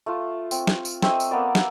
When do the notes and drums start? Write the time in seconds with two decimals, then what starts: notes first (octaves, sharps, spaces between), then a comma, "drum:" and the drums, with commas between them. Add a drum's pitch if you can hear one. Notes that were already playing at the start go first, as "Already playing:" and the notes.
0.06 A3 F4
0.51 C4, drum: tambourine
0.67 drum: snare
0.85 drum: tambourine
1.02 A3 C4 D#5 E5, drum: snare
1.20 drum: tambourine
1.31 A#3 B3 D5
1.55 drum: snare